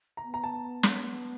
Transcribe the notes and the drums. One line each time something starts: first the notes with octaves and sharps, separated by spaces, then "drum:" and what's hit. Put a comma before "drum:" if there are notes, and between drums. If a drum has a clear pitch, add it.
A#5
B3
A#5
A5
drum: snare